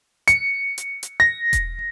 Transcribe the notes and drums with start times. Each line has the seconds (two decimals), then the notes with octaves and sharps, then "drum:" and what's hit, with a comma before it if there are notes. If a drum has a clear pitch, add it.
0.28 C#7, drum: hi-hat
0.78 drum: hi-hat
1.03 drum: hi-hat
1.20 A#6
1.53 drum: kick E1, hi-hat